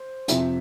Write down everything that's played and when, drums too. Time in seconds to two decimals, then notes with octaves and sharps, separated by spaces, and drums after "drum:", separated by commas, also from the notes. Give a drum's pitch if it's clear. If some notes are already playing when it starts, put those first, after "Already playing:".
Already playing: C5
0.28 F2 C3 F3 E5, drum: hi-hat